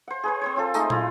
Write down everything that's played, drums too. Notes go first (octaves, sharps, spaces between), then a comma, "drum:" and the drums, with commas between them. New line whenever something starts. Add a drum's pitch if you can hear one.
C5 F#5
G#4 B4 C5
C4 C5 C#5
C4 F4 A4
G#3 A3 D#4 D#5, drum: tambourine
E4 F4, drum: tom